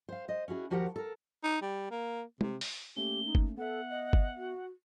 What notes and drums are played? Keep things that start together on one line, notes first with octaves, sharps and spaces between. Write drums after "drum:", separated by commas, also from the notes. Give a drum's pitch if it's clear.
C5 F5
C5 D#5
C#4 E4 F#4 G#4
D#2 F3 F#4 G4 A#4 F#5
A4 A#4
D#4
G3
A#3
C3, drum: tom
drum: open hi-hat
A3 A#3 C#4 G4 G7
D#4
drum: kick G1
B3 A4 E5 F#5
D#5
drum: kick G1
F#4